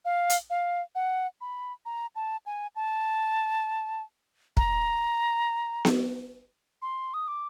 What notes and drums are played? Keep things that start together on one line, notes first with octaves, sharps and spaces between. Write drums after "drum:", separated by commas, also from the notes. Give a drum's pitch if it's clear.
F5
drum: hi-hat
F5
F#5
B5
A#5
A5
G#5
A5
A#5, drum: kick
drum: snare B3
C6
D#6
D6